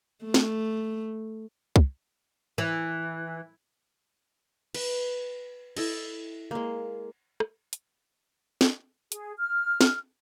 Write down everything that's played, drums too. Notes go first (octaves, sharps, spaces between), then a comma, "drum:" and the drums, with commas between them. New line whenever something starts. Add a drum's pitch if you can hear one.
A3
drum: snare
drum: kick
E3
B4, drum: cymbal
E4 A4 D#5, drum: cymbal
G#3 A#3
drum: rim click
drum: hi-hat
drum: snare
G#4, drum: hi-hat
F6
drum: snare